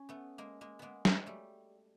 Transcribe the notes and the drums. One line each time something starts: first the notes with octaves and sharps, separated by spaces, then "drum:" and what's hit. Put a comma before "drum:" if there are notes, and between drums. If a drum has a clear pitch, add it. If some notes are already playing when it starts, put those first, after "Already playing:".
Already playing: C#4
A3 B3
G#3 A#3
G#3 A#3
G#3 A#3 B3
F#3 G#3, drum: snare
G3 A3